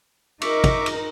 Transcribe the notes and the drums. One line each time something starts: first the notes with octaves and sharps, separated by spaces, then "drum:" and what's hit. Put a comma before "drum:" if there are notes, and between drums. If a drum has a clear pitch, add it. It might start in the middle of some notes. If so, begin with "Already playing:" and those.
D#4 A#4 E5 C#6 D6, drum: cymbal
drum: kick, cymbal
drum: cymbal